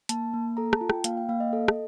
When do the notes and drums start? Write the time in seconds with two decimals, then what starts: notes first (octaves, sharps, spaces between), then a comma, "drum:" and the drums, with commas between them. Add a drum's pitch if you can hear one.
0.09 A#3 A5, drum: hi-hat
0.34 A#3
0.57 A4 A#5
0.73 A5, drum: rim click
0.81 F4
0.90 G5, drum: rim click
1.04 A#3 F5, drum: hi-hat
1.17 G5
1.29 A#3 F5
1.40 D#5
1.53 A4
1.68 drum: rim click